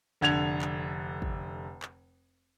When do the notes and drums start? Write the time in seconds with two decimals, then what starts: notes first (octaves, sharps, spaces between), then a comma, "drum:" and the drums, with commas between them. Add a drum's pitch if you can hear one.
0.21 F1 D3 G#6 F7
0.62 drum: clap
1.22 drum: kick
1.83 drum: clap